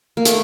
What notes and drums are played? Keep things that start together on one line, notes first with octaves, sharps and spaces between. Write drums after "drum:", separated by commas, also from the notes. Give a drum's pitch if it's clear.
A#3
A3, drum: hi-hat